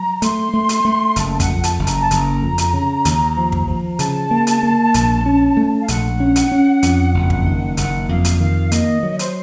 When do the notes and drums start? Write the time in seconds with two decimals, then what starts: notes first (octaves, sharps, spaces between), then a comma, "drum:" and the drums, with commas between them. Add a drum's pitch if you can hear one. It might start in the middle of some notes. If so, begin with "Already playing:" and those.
Already playing: F#3 A#5
0.22 A3 C6, drum: hi-hat
0.54 A3
0.69 drum: hi-hat
0.85 A3
1.16 F#1 A5, drum: hi-hat
1.32 A5
1.40 F#5, drum: kick, hi-hat
1.48 F2
1.63 A5, drum: hi-hat
1.79 F#1
1.87 A#5, drum: hi-hat
2.01 A5
2.11 F#1 A#5, drum: hi-hat
2.42 F2
2.58 drum: hi-hat
2.73 C#3
3.05 D#2, drum: hi-hat
3.37 F3
3.52 drum: kick
3.68 F3
3.99 C#3 A5, drum: hi-hat
4.31 A#3
4.47 drum: hi-hat
4.63 A#3
4.94 A#1, drum: hi-hat
5.26 C#4
5.57 A3
5.82 F5
5.88 A#1 F#5, drum: hi-hat
6.20 C#4
6.36 drum: hi-hat
6.52 C#4
6.83 F2, drum: hi-hat
7.14 F#1
7.30 drum: kick
7.46 D#3
7.77 F#1 F#5, drum: hi-hat
8.09 F2 F5
8.25 drum: hi-hat
8.40 D#3 F5
8.72 A#3 D#5, drum: hi-hat
9.03 F#3
9.19 C5, drum: hi-hat